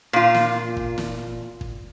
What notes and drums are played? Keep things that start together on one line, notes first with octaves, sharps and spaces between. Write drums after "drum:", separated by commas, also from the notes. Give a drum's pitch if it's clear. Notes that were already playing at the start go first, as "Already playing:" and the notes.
A#2 F4
drum: snare
drum: kick
drum: snare
drum: kick